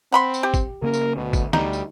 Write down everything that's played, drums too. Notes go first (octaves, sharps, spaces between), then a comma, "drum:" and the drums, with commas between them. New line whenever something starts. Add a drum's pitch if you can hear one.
C4 F#5 B5 C6
drum: tambourine
G4
drum: kick, tambourine
C#3 A#3 C#4 A#4
drum: tambourine
D2 B2
drum: kick, tambourine
D2 G3 D#4, drum: snare
drum: tambourine